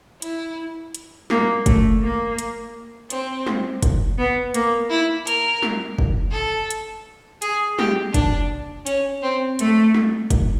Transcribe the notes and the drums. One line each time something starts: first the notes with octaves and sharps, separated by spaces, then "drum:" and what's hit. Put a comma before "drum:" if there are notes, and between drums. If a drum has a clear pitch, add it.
E4, drum: hi-hat
drum: hi-hat
A#3, drum: snare
A3, drum: kick, hi-hat
A#3
drum: hi-hat
C4, drum: hi-hat
drum: snare
drum: kick, hi-hat
B3
A#3, drum: hi-hat
E4
A#4, drum: hi-hat
drum: snare
drum: kick
A4
drum: hi-hat
G#4, drum: hi-hat
G4, drum: snare
D4, drum: kick, hi-hat
C#4, drum: hi-hat
C4
A3, drum: hi-hat
drum: snare
drum: kick, hi-hat